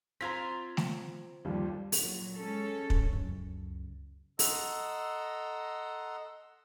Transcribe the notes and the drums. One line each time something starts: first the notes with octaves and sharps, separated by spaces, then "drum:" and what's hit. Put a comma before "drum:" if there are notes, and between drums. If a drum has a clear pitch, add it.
C4 F4 C5 A#5 G#6 B6
drum: snare A3
G1 D#2 F3 G3
A#2 F#3, drum: open hi-hat
G#3 C#4 A4
drum: kick
C#2 F#2
A4 D#5 F#5 A#5 C6 E6, drum: open hi-hat